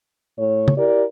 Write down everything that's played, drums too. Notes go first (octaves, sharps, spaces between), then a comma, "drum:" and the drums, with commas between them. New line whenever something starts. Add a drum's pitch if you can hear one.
A2 C#5
drum: tom
E4 G4 A#4 D5